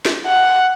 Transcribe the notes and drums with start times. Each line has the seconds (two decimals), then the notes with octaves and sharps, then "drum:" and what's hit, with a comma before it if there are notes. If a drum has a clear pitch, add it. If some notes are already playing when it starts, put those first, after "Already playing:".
0.05 drum: snare
0.26 F#5